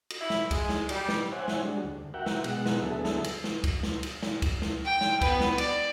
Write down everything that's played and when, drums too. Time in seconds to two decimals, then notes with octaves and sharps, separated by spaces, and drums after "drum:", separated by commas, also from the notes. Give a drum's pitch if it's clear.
0.10 drum: cymbal
0.21 E4
0.30 drum: snare
0.51 G#3, drum: kick, cymbal
0.69 drum: snare
0.89 G3, drum: cymbal
1.08 drum: snare
1.32 C5 C#5 E5 F#5 G#5
1.48 drum: snare
1.63 G3 G#3 D4 F#4
1.84 D2
2.14 F#4 A#4 E5 F#5 G5
2.26 drum: snare
2.44 B2 G#3 F#5, drum: cymbal
2.65 drum: snare
2.82 D2 F#3 B3 G#4 A4 E5
3.05 drum: snare
3.24 drum: cymbal
3.44 drum: snare
3.64 drum: kick, cymbal
3.83 drum: snare
4.03 drum: cymbal
4.23 drum: snare
4.42 drum: kick, cymbal
4.62 drum: snare
4.84 G5
5.01 drum: snare
5.21 B3 B4, drum: kick, cymbal
5.40 drum: snare
5.58 D5, drum: cymbal